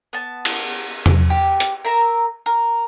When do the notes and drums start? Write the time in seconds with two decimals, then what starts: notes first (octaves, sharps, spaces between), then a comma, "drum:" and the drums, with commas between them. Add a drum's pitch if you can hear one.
0.13 B3 A5
0.45 drum: cymbal
1.06 drum: tom E2
1.30 G4
1.60 drum: hi-hat
1.85 A#4 E5 A#5
2.46 A#4